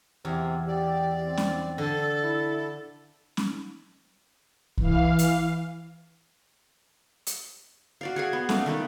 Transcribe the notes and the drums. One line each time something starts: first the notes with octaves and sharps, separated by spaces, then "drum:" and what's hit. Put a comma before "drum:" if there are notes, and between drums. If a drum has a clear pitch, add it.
E2 C3
G4 D5
C4
drum: snare C#4
D3 A4
E4
drum: snare C#4
E3 F5, drum: kick
drum: hi-hat
drum: hi-hat
F#4 D5 F5
G#4 F#5 G#5
B3
A3 D5 F5, drum: snare C#4
D#3 A3 B3